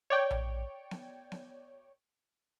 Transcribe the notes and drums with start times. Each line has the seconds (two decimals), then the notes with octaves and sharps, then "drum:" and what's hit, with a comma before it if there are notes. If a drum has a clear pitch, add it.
0.10 C#5 D5 G5
0.31 drum: tom A#1
0.91 drum: snare B3
1.32 drum: snare B3